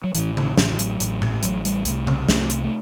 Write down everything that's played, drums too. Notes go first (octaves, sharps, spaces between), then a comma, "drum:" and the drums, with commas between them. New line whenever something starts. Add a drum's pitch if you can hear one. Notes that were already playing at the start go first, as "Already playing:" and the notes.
F#3
A1 A2 E3, drum: hi-hat
D#3, drum: tom C#3
A1 A2 E3, drum: snare
E3
F#3, drum: hi-hat
A1 A2, drum: hi-hat
drum: tom A2
A1 A2 F#3, drum: hi-hat
G3, drum: hi-hat
C2 C3 A3, drum: hi-hat
drum: tom C#3
C2 C3 A3, drum: snare
drum: hi-hat
A3